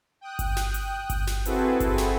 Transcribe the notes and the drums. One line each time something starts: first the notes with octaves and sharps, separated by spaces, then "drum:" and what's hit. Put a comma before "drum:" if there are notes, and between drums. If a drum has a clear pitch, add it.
G5 D#6 F#6
drum: kick G1, hi-hat
drum: snare
drum: hi-hat
drum: kick G1, hi-hat
drum: snare
C4 E4 F#4 G#4 A4 B4, drum: hi-hat
drum: kick G1, hi-hat
drum: snare